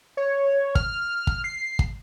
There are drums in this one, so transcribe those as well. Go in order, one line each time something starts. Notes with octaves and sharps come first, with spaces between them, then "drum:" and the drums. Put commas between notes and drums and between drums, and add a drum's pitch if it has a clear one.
C#5
F6, drum: kick
drum: kick
C7
drum: kick